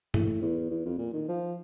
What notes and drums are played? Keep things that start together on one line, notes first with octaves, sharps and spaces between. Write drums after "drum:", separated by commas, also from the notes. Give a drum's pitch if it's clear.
A2, drum: tom G2
E2
E2
F2
A#2
D#3
F3